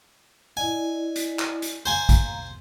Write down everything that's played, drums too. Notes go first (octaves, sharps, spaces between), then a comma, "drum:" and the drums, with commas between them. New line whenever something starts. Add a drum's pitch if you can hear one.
E4 D5 D#5 G#5
drum: hi-hat
drum: clap
drum: hi-hat
C5 F5 G#5 A#5
drum: kick, hi-hat